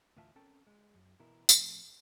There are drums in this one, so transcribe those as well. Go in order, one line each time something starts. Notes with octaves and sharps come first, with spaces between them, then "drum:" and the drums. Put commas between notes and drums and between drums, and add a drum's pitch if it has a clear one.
D2 A2 E3 F4 E5 A5
C4 C#4 A4 A#4 G5 A5
G#3
F#2
B2 E3 E4 A#4
A2 F3 A3 C4, drum: tambourine